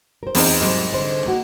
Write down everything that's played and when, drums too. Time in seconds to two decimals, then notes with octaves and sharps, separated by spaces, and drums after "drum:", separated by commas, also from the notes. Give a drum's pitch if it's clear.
0.23 A#4 C5
0.35 E2 C4 D#4, drum: open hi-hat
0.61 C2 G#2 F#3
0.92 D3 C5
1.26 A#3 F#4